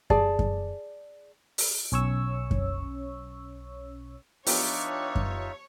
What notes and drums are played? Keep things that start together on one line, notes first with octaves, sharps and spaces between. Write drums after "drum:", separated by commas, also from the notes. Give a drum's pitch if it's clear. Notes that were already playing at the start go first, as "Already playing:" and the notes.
G#4 D5 A5, drum: kick F#2
drum: kick F#2
drum: open hi-hat
B1 C#4 C#5 C#6 E6
drum: kick F#2
F3 B3 D4 D#4 F4 G4 C#5 E5, drum: open hi-hat
drum: kick F#2